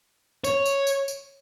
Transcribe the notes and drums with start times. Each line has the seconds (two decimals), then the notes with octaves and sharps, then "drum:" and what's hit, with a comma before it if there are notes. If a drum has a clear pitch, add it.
0.44 C#5, drum: tambourine
0.66 drum: tambourine
0.87 drum: tambourine
1.08 drum: tambourine